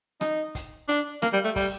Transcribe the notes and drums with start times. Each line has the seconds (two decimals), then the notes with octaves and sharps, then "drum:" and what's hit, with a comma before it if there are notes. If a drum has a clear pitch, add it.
0.21 D#4, drum: rim click
0.55 drum: kick, hi-hat
0.89 D4, drum: hi-hat
1.22 A#3, drum: rim click
1.33 G3
1.44 A3
1.56 G3, drum: kick, open hi-hat